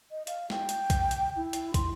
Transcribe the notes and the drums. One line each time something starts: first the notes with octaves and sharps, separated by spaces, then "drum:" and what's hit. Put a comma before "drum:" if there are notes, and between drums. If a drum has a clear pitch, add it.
D#5
F5, drum: hi-hat
G5, drum: snare
drum: hi-hat
drum: kick, hi-hat
drum: hi-hat
E4
drum: hi-hat
C6, drum: kick, hi-hat